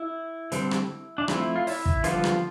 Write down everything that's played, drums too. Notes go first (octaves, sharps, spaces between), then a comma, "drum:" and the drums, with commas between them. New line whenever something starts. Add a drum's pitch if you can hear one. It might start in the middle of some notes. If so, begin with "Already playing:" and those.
Already playing: E4
D3 G3 C4, drum: hi-hat
drum: rim click
D4
F3 A3 C4 E4, drum: rim click
F4
E4, drum: open hi-hat
drum: kick
D3 F3 G3 B3 F4, drum: hi-hat
drum: rim click